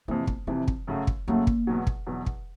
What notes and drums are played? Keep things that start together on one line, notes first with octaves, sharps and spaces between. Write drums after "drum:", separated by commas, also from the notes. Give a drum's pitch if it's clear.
F2 C3 E3 A#3
B3, drum: kick
F2 C3 E3 C4
drum: kick
F#2 C#3 F#3 A3
drum: kick
F#2 C#3 F#3 A3 A#3
drum: kick
E2 B2 F#3
drum: kick
E2 B2 F#3
drum: kick